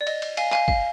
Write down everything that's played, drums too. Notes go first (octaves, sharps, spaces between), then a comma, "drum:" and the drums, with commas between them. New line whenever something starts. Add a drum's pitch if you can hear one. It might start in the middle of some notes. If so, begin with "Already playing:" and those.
D5
D#5, drum: cymbal
drum: cymbal
F5 G#5, drum: cymbal
F5 G#5, drum: clap
F5, drum: kick